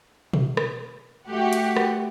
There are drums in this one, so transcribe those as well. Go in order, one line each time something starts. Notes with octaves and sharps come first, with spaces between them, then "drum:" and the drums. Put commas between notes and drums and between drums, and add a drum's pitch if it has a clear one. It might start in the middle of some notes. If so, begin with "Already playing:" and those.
drum: tom B2
drum: rim click
A3 F#4 G4 F#5
drum: hi-hat
drum: rim click